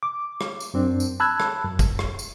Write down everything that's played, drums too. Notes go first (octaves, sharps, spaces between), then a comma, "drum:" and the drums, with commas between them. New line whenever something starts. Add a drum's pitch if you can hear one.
D6
drum: rim click
drum: tambourine
F#2 C4 D4
drum: tambourine
A5 B5 E6 F#6 G#6
drum: rim click
F#2
drum: kick, tambourine
drum: rim click
drum: tambourine